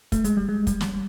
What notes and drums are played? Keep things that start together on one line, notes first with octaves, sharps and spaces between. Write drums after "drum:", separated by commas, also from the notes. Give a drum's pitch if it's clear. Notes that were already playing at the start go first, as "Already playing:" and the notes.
A3, drum: kick, hi-hat
G#3, drum: hi-hat
G3
G#3
G3, drum: kick, hi-hat
drum: snare